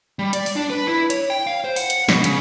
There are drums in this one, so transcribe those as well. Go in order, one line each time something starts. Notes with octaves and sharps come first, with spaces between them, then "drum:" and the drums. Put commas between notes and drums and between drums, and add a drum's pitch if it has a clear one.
G3
D5, drum: hi-hat
drum: open hi-hat
D4
B4
E4
C#5, drum: hi-hat
G5
F5
C5
F#5, drum: open hi-hat
drum: hi-hat
B2, drum: snare
C#3, drum: hi-hat